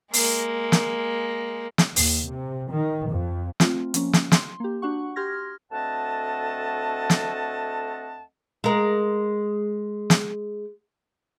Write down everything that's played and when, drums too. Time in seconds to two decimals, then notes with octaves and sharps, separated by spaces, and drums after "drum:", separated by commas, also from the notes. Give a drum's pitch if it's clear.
0.13 G#3 A#3, drum: open hi-hat
0.72 drum: snare
1.78 drum: snare
1.96 D#2, drum: open hi-hat
2.28 C3
2.70 D#3
3.12 F2
3.60 A3 C4 F4, drum: snare
3.94 F3 A#3 C#4, drum: hi-hat
4.13 drum: snare
4.32 C6, drum: snare
4.60 A#3 G4
4.82 D4 F#4 F#5 C#6
5.16 G4 C6 F6 G#6 A#6
5.72 D2 A3 C4 D#5 F#5 A5
7.10 drum: snare
8.64 G#3 A#4
10.10 drum: snare